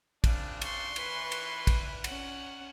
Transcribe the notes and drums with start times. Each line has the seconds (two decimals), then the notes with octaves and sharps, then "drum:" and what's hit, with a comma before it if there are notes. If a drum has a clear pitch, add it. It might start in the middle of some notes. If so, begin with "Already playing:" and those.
0.24 C#3 C4 D4, drum: kick, cymbal
0.62 C6 C#6, drum: cymbal
0.96 E3 B4, drum: cymbal
1.32 drum: cymbal
1.67 drum: kick, cymbal
2.04 C#4 F#5, drum: cymbal